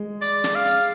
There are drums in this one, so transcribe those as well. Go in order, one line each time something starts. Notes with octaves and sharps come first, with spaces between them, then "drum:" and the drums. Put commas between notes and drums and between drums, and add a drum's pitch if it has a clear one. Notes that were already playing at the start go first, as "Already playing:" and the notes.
Already playing: G#3
D5, drum: hi-hat
drum: snare
F5
drum: hi-hat